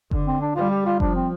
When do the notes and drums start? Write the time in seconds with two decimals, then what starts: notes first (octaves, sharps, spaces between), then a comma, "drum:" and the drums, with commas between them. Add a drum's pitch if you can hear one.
0.11 D3, drum: kick F#1
0.26 C4
0.42 D4
0.55 G3 F4
0.71 G4
0.86 F4
1.00 F3 D4, drum: kick F#1
1.15 C4